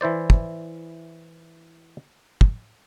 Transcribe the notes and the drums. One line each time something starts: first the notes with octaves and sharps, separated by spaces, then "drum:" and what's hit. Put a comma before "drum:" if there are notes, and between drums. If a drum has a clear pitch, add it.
E3 E4 C5 D5
drum: kick
drum: kick